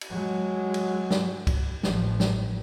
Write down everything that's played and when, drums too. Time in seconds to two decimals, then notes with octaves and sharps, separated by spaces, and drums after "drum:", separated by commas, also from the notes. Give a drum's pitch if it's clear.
0.01 drum: cymbal
0.11 F#3 G#3
0.74 drum: cymbal
1.11 drum: snare
1.47 drum: kick, cymbal
1.83 A1 F3, drum: snare
2.20 drum: snare